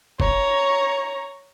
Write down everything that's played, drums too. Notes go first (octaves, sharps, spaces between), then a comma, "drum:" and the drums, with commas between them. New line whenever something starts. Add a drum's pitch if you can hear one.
C#5 A#5, drum: kick